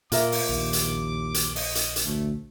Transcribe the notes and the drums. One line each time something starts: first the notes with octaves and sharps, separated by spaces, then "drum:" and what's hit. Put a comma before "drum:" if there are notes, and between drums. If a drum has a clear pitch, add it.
A#2 A#3 F4 A#4 E5 D6, drum: hi-hat
drum: open hi-hat
A#1 D#2
drum: hi-hat
drum: hi-hat
D#5, drum: open hi-hat
drum: hi-hat
drum: hi-hat
D2 A3